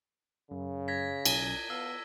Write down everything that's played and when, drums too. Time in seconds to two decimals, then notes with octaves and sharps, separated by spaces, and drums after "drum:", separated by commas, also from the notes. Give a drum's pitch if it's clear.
0.51 F#2 C#3
0.88 G#6 A#6 B6
1.25 B1 C#4 G#5, drum: cymbal
1.70 B3 F5 A5 E6